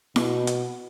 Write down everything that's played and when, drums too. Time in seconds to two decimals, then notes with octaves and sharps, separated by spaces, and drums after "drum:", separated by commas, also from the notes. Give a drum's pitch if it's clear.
0.16 B2, drum: snare E4
0.47 drum: hi-hat